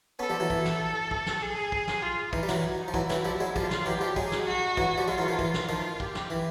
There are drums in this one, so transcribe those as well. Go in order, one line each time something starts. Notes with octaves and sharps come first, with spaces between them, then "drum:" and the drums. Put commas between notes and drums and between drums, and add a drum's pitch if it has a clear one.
B3 C#4 A4
F3 G3
E3 F#3
E3, drum: kick
drum: snare
drum: kick
drum: snare
G#4
drum: kick
drum: snare
F4
E3 D#4, drum: kick
G3
E3 F#3, drum: snare
F3
E3 F#3 E4, drum: kick
E3 F#3, drum: snare
F3 G3
F#3 G#3
F3 G3 F4, drum: kick
drum: snare
E3 F#3 G4
F3 G3
F#3 G#3 G#4, drum: kick
drum: snare
F#4
E3 F#3, drum: kick
F3 G3
F#3 G#3 F4
E3 F#3
D#3 F3
E3, drum: kick
drum: snare
D#3 F3
G4, drum: kick
drum: snare
E3